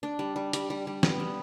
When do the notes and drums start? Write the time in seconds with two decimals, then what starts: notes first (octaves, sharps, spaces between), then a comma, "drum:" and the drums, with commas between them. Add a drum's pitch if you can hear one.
0.03 D4
0.19 G3
0.36 G3
0.53 G3, drum: hi-hat
0.70 G3
0.87 G3
1.03 B3, drum: snare
1.20 G3